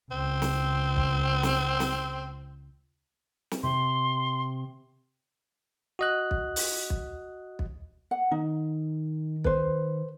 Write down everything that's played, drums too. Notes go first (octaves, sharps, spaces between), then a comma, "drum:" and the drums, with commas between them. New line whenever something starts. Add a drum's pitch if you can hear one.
C#2 C4
drum: snare
drum: kick
drum: snare
drum: snare
drum: snare
C3 C6
F#4 D#5 F#6
drum: kick
drum: open hi-hat
drum: kick
drum: kick
F#5
D#3 D#4
B4 C5, drum: kick